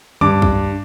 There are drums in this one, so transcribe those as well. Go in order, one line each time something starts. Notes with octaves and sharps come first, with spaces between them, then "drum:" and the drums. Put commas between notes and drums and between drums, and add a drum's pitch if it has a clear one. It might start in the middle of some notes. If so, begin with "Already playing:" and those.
G2 D6, drum: tom D3
drum: kick